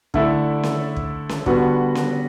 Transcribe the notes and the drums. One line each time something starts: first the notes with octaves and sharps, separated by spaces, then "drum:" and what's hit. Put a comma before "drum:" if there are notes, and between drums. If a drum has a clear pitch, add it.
D3 A3 E4 A4 D5, drum: kick
drum: snare C#4
drum: kick
drum: snare C#4
D3 G3 B3 F#4, drum: kick
drum: snare C#4